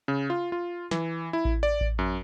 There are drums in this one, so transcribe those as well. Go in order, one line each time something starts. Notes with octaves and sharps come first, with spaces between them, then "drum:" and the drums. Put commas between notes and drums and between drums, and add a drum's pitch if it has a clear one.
C#3
F4
F4
E3, drum: snare
E4
drum: kick A1
D5
drum: kick A1
F#2